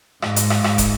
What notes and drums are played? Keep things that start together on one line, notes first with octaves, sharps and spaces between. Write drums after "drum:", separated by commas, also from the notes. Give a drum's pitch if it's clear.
G#2, drum: rim click
drum: hi-hat
drum: rim click
G#2, drum: rim click
drum: kick, hi-hat